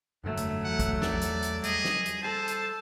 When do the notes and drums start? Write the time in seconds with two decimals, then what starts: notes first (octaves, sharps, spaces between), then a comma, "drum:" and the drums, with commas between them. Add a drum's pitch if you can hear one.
0.24 F1 G2 D3 F#3 A3
0.37 drum: hi-hat
0.64 E2 E3 F3 F#5
0.79 drum: kick, hi-hat
1.02 D5, drum: snare
1.21 drum: hi-hat
1.43 drum: hi-hat
1.64 G3 G#4 D#5, drum: hi-hat
1.85 drum: snare
2.06 drum: hi-hat
2.22 A4 C5 A5
2.48 drum: hi-hat